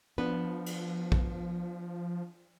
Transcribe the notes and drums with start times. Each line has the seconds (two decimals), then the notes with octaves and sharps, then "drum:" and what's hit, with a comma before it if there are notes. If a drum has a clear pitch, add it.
0.18 F3 B3 D4 B4
0.66 drum: cymbal
1.12 drum: kick